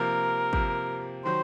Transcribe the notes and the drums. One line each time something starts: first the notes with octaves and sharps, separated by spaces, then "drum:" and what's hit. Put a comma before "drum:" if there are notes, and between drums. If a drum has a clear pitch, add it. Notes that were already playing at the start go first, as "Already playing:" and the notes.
Already playing: C3 F3 A#3 A#4
C3 F3 A#3, drum: kick
D#3 F#3 C5